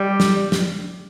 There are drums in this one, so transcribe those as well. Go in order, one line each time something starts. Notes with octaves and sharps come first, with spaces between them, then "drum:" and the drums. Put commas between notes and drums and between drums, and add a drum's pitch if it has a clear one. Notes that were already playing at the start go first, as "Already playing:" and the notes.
Already playing: G3
drum: snare
drum: snare